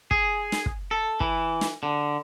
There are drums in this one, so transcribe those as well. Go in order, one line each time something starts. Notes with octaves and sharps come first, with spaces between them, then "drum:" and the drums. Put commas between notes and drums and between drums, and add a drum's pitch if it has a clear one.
G#4, drum: kick
drum: snare
drum: kick
A4
E3, drum: kick
drum: snare
D3